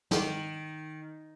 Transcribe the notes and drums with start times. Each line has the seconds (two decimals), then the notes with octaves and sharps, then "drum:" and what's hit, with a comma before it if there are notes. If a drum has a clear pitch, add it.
0.11 D#3, drum: snare